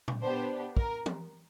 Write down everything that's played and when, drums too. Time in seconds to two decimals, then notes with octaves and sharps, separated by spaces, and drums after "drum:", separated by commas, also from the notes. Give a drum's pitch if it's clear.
0.08 drum: tom A#2
0.22 B3 D4 G4 C5
0.77 A#4, drum: kick
1.06 drum: tom E3